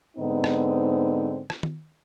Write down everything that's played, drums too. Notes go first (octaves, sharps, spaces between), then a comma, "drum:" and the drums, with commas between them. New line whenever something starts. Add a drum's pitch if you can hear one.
G#2 D3 B3 C4 D#4
drum: rim click
drum: rim click
drum: tom D#3